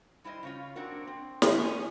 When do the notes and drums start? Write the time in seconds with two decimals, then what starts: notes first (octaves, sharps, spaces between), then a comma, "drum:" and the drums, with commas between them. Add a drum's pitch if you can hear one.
0.24 G3 E4 C5 D#5
0.43 C#3 C#4 F4
0.76 A#3 C4 D4 F#4 A#4
1.07 C4
1.42 A2 D#3 A3 D4 A#4 C#5, drum: snare
1.59 C3 C#4 C#5 G#5